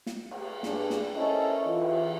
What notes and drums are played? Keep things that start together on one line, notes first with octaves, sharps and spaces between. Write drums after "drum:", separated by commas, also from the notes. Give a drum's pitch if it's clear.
drum: snare
drum: cymbal
G2 D4 G#4, drum: snare
drum: snare
C#4 E4 A4 A#4 C5 D#5
E3 F4
drum: cymbal